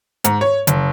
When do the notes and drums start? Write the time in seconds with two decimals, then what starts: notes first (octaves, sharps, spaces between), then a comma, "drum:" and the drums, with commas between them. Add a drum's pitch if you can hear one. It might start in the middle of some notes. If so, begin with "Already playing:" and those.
0.24 G#2, drum: hi-hat
0.41 C#5
0.67 F#1, drum: hi-hat